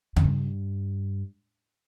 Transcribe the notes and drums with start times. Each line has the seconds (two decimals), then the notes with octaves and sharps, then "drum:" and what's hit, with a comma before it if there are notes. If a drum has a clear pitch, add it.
0.16 F2, drum: tom C#3
0.24 G2